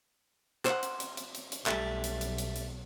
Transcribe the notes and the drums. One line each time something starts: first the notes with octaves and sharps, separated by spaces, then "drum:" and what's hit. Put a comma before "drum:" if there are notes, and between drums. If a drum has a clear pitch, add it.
C5 F#5, drum: clap
drum: hi-hat
drum: hi-hat
drum: hi-hat
drum: hi-hat
drum: hi-hat
B1 G3 A3, drum: clap
drum: hi-hat
drum: hi-hat
drum: hi-hat
drum: hi-hat